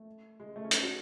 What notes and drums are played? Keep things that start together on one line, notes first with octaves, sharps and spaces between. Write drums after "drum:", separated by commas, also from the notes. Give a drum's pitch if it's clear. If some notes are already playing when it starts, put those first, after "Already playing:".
Already playing: A3
G#3
A3
C#4
D4, drum: hi-hat
F#4